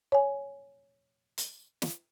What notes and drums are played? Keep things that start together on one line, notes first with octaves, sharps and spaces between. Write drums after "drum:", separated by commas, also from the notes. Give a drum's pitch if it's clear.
C#5 G#5
drum: hi-hat
drum: snare